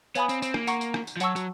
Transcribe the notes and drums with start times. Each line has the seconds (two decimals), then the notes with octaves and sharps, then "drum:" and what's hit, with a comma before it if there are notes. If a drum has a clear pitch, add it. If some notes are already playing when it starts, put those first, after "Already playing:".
0.15 B3 C#5 F5 G#5 B5 D#6, drum: tambourine
0.29 C4, drum: tambourine
0.42 C4, drum: tambourine
0.54 A#3, drum: rim click
0.67 F#5 A#5 C#6, drum: tambourine
0.81 drum: tambourine
0.94 drum: rim click
1.07 drum: tambourine
1.17 F3
1.20 F#3 C#5 F#5 A5 C#6 E6, drum: tambourine
1.36 F#3, drum: tambourine